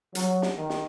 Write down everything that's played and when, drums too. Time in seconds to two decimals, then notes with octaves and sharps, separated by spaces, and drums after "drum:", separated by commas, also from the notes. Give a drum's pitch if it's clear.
0.15 F#3, drum: hi-hat
0.42 drum: snare
0.57 D#3
0.70 drum: snare